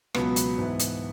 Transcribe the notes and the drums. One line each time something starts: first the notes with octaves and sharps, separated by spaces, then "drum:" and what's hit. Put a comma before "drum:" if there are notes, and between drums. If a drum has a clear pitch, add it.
C#2 B2 F#3 B3, drum: rim click
drum: hi-hat
G#2 E3
drum: hi-hat